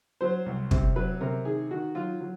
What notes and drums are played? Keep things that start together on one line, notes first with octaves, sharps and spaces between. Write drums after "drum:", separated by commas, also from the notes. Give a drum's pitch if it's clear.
F#3 C5
C2
C3, drum: kick
F#3 B4
C3 A#4
D#3 G#4
D#3 F#4
F#3 F4
F#3